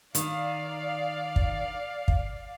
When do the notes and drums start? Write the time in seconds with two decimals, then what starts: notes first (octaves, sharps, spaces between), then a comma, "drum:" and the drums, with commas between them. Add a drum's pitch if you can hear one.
0.15 D#3 D5 F5, drum: hi-hat
1.36 drum: kick
2.08 drum: kick